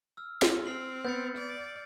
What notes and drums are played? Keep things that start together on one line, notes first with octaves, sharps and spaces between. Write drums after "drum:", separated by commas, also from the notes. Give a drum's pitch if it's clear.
E6 F6
drum: snare
C4 F6 C7 F#7
B3 G6 A6 C#7
D5